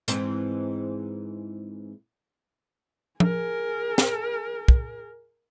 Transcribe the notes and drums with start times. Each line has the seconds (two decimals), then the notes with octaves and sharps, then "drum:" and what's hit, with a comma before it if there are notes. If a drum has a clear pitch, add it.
0.08 G#2 E3 C4, drum: hi-hat
3.20 G#4 A#4, drum: tom
3.98 drum: snare
4.68 drum: kick